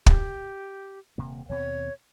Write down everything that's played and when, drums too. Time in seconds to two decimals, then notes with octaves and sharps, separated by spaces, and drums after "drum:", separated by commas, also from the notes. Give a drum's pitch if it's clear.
0.06 G4, drum: kick
1.18 D#1 C3 A#3
1.49 D#2 B2 C4 C#5